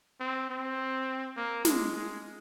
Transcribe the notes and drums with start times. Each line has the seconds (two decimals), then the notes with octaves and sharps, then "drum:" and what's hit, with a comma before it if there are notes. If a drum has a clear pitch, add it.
0.20 C4
0.50 C4
1.36 A#3
1.65 G#3, drum: snare
1.94 G#3